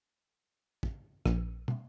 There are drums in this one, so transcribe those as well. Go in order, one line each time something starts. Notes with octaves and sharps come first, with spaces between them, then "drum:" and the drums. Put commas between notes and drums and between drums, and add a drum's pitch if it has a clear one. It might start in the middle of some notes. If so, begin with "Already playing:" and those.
drum: kick
A#1, drum: rim click
drum: tom